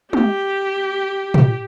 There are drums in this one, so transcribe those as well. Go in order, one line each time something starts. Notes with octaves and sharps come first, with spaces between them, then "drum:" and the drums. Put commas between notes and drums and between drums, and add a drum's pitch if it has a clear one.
G4, drum: tom
drum: tom